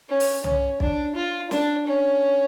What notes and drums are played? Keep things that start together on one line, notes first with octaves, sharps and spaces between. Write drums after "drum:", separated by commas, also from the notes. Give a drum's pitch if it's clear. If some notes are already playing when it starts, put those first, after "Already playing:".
C#4
drum: open hi-hat
C#4, drum: tom
D4, drum: kick
F4
D4, drum: snare
C#4